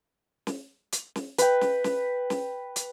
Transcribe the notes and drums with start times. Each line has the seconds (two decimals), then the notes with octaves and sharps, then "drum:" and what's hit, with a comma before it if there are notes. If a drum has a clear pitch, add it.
0.47 drum: snare
0.93 drum: hi-hat
1.16 drum: snare
1.38 B4 G5, drum: hi-hat
1.61 drum: snare
1.84 drum: snare
2.30 drum: snare
2.76 drum: hi-hat